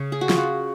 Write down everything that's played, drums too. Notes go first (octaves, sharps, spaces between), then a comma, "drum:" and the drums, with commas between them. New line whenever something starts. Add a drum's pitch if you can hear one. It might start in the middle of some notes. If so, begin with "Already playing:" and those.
Already playing: C#3
G#4
F#4
F4, drum: snare
F#4